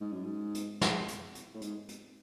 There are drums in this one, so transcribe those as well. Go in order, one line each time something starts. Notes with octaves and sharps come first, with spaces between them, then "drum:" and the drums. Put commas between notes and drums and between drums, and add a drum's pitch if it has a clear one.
G#2
F#2
G#2
drum: hi-hat
drum: snare
drum: hi-hat
drum: hi-hat
A2
G#2, drum: hi-hat
drum: hi-hat